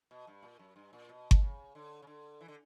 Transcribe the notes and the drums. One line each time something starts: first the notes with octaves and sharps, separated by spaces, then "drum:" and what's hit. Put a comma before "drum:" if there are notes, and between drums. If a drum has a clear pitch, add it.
B2
G2
A#2
F#2
G2
A#2
B2
drum: kick G1
C#3
D3
C#3
D3
E3
D3